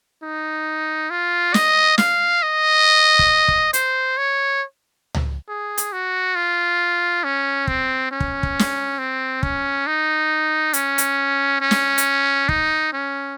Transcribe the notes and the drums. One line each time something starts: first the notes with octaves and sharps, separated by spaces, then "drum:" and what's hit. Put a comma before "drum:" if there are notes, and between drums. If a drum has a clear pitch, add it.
D#4
F4
D#5, drum: snare
F5, drum: snare
D#5
drum: kick
drum: kick
C5, drum: hi-hat
C#5
drum: tom C#2
G#4
drum: hi-hat
F#4
F4
C#4
C4, drum: kick
C#4
drum: kick
drum: kick
drum: snare
C4
C#4, drum: kick
D#4
C#4, drum: hi-hat
drum: hi-hat
C#4
drum: snare
drum: hi-hat
D#4, drum: kick
C#4